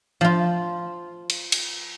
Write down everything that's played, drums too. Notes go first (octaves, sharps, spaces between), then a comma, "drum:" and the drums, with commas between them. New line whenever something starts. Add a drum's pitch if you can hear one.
F3 F4
drum: cymbal
drum: cymbal